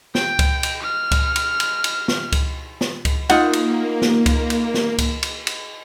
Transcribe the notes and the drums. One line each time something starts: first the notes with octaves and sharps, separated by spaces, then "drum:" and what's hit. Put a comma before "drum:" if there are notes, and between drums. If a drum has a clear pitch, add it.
G5, drum: snare
drum: kick C#2, cymbal
drum: cymbal
F6
drum: kick C#2, cymbal
drum: cymbal
drum: cymbal
drum: cymbal
drum: snare
drum: kick C#2, cymbal
drum: snare
drum: kick C#2, cymbal
A#3 D#4 F4 F#5, drum: cymbal
drum: cymbal
drum: snare
drum: kick C#2, cymbal
drum: cymbal
drum: snare
drum: kick C#2, cymbal
drum: cymbal
drum: cymbal